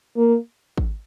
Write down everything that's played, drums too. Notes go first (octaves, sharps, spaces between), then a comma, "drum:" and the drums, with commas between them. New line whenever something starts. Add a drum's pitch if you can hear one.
A#3
drum: kick G#1